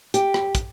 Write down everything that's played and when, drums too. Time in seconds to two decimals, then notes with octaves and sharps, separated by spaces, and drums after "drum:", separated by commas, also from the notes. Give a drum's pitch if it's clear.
0.14 G4, drum: hi-hat
0.34 drum: rim click
0.55 drum: kick, hi-hat